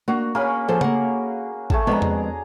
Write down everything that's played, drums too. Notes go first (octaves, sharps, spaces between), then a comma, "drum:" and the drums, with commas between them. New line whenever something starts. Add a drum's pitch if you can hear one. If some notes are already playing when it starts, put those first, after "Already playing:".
A#3 D4 F#4
A#3 C#4 G#4 B5
F3 G#4 A4 C5
A#3 F#5, drum: tom C#3
A3 G#4 A5, drum: kick G#1
F2 G#3 B3 D4 G#4 A#5
drum: tom E2